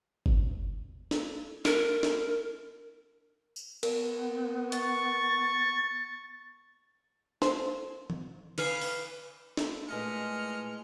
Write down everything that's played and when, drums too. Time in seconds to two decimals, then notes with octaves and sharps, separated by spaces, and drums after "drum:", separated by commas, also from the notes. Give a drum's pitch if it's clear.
0.26 drum: kick G1
1.11 drum: snare
1.65 A#4, drum: snare
2.03 drum: snare
3.56 drum: tambourine
3.83 B3 A#4, drum: cymbal
4.72 C#6 A6, drum: hi-hat
7.42 C5, drum: snare
8.10 drum: tom
8.58 B4 F5 G#5, drum: cymbal
8.81 drum: open hi-hat
9.57 drum: snare
9.89 A#2 G#3 A3 E4 B4 D#5 F6 C#7